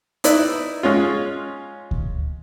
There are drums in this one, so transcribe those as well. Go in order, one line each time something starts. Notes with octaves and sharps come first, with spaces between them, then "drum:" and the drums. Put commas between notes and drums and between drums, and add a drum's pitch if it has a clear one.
D#4 E4 B4 D5, drum: hi-hat
G#3 C#4 F4
drum: kick D2